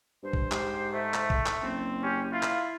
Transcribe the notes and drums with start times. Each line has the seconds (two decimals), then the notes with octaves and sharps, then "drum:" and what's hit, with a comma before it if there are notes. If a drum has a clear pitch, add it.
0.23 G2 C5
0.33 drum: kick
0.52 G#2 G4, drum: clap
0.94 A3 C5 E5
1.14 drum: clap
1.30 drum: kick
1.46 drum: clap
1.62 F#1 C4
2.03 C#4 G4
2.32 E4 F4 F5
2.43 drum: clap